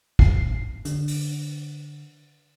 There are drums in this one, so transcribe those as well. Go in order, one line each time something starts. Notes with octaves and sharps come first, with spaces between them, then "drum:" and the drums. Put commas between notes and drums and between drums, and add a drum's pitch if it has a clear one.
C7, drum: kick
D3, drum: hi-hat
drum: open hi-hat